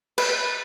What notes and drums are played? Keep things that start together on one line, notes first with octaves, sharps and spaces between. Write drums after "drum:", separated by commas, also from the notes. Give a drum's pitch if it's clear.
B4, drum: cymbal